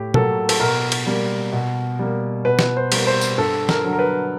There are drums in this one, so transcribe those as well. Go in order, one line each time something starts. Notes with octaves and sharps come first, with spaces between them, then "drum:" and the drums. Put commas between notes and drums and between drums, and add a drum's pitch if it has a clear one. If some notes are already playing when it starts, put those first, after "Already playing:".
Already playing: A2 G4
F#3 A#3 A4, drum: tom
A4, drum: cymbal
B2 A#4
drum: cymbal
G3 A#3
B2
G3 A#3
B2 B4
drum: snare
C5
G3 A#3, drum: cymbal
C5
drum: tambourine
G2 A4
A#4, drum: snare
D3 F#3
A#4
B4